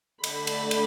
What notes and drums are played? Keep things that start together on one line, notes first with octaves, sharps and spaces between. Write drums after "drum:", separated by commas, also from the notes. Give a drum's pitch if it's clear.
D3 A3 D4 B5, drum: cymbal
drum: cymbal
drum: cymbal